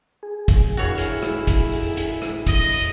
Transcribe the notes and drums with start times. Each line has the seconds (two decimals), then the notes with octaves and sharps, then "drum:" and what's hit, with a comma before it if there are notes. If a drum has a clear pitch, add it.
0.23 G#4
0.48 drum: kick, hi-hat
0.77 D3 D#3 E4 F#4 C#5 F5
0.98 drum: hi-hat
1.23 drum: rim click
1.47 drum: kick, hi-hat
1.72 drum: open hi-hat
1.97 drum: hi-hat
2.22 drum: rim click
2.47 D#5, drum: kick, hi-hat
2.71 drum: open hi-hat